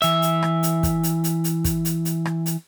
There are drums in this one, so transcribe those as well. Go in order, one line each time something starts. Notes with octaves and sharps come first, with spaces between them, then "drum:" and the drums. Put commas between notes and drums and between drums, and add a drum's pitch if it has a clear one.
E3 E5, drum: hi-hat
drum: hi-hat
drum: rim click
drum: hi-hat
drum: kick, hi-hat
drum: hi-hat
drum: hi-hat
drum: hi-hat
drum: kick, hi-hat
drum: hi-hat
drum: hi-hat
drum: rim click
drum: hi-hat